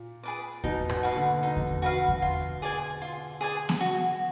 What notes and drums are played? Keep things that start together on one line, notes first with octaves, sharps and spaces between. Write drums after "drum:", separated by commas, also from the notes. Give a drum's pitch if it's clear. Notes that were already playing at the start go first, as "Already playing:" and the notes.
Already playing: A#2
G#4 B4 D5
B2 D#4, drum: kick E2
B2, drum: rim click
F#4 B4 F5
D3
D#4
drum: kick E2
F#4 B4 F5
drum: kick E2
F4
G#4 D5 G#5
F4
G#4 D5 G#5
drum: snare B3
F#4